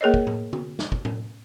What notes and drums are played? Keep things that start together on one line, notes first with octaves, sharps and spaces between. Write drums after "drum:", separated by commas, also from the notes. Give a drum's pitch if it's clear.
A#3 G#4 A#4 C#5 D#5
drum: kick
drum: tom A2
drum: tom
drum: snare
drum: kick
drum: tom